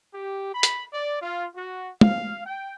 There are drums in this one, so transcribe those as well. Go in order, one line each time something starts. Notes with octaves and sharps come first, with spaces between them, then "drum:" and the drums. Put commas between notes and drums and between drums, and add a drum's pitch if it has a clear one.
G4
B5
drum: hi-hat
D5
F4
F#4
F5, drum: tom
G5